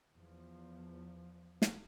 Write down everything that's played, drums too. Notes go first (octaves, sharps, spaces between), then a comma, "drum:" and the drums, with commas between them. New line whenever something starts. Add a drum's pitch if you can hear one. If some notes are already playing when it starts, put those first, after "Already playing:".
E2 F3
drum: snare